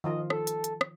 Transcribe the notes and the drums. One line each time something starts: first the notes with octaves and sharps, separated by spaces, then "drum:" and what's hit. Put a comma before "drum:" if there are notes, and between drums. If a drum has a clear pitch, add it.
D#3 F3 F4 D#5
A4, drum: rim click
drum: hi-hat
drum: hi-hat
drum: rim click